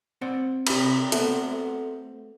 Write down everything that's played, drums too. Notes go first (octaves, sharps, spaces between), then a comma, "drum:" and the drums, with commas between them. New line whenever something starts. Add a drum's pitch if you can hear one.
C4 D5 F#5
C3 B5, drum: cymbal
A3 B3 C4 F#4, drum: hi-hat